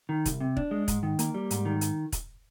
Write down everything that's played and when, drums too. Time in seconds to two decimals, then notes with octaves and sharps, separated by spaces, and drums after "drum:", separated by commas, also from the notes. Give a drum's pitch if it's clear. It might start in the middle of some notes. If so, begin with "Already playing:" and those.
0.09 D#3
0.25 C2, drum: kick, hi-hat
0.41 C3
0.57 D4, drum: kick
0.71 G#3
0.88 G#2, drum: kick, hi-hat
1.03 D#3
1.19 A#3, drum: hi-hat
1.34 G3
1.51 G#2, drum: hi-hat
1.65 D#3
1.81 drum: hi-hat
2.12 drum: kick, hi-hat